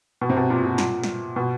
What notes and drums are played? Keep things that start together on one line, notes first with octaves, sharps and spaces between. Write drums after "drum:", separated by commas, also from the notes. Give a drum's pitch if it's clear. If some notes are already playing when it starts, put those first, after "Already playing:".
B2
C3
B2
A#2
A#2
A#2, drum: snare
drum: snare
B2